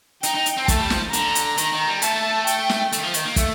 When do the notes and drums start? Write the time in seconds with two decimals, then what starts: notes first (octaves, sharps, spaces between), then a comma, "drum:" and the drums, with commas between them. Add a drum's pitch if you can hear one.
0.23 D#4 G5, drum: hi-hat
0.35 D#4
0.46 drum: hi-hat
0.57 C4
0.68 A3 A5, drum: kick, hi-hat
0.79 G3
0.90 F3, drum: snare
1.13 D3 A#5, drum: hi-hat
1.35 drum: hi-hat
1.58 D#3, drum: hi-hat
1.73 D#3
1.87 G3
2.02 A3 A5, drum: hi-hat
2.47 G5, drum: hi-hat
2.69 drum: snare
2.92 D#3 A3, drum: hi-hat
3.03 F3
3.14 D#3, drum: hi-hat
3.26 A#3
3.36 A3, drum: kick, hi-hat